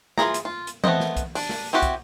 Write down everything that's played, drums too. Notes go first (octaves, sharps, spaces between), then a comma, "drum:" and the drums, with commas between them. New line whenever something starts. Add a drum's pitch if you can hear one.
E3 F4 G#4 A#5, drum: snare
drum: hi-hat
F4
drum: hi-hat
A3 B3 C4 C5 D#5, drum: tom E3
drum: snare
drum: kick, hi-hat
D4, drum: open hi-hat
drum: snare
C4 E4 F#4 G4
drum: kick, hi-hat